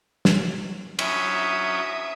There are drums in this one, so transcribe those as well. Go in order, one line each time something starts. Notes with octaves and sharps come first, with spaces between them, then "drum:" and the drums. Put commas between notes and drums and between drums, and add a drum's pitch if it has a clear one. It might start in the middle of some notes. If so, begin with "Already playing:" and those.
drum: snare
F#3 C#4 E5 D#6, drum: cymbal